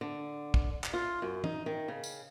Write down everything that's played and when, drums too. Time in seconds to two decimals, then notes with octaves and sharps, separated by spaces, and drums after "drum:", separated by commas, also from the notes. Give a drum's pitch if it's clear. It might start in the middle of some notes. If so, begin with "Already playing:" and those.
0.01 D3
0.54 drum: kick
0.84 drum: clap
0.94 F4
1.22 F#2
1.44 D#4, drum: tom E3
1.66 D#3
1.88 C#3
2.04 drum: tambourine